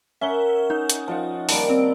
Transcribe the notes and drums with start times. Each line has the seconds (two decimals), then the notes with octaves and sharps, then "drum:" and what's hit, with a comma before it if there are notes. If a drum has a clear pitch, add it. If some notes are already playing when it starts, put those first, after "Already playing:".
0.21 C#4 A#4 E5 F#5 G7
0.70 D#4
0.90 drum: hi-hat
1.08 F3 D#5 F#5
1.49 D#3 G3 A#3 A5 D7, drum: open hi-hat
1.69 C4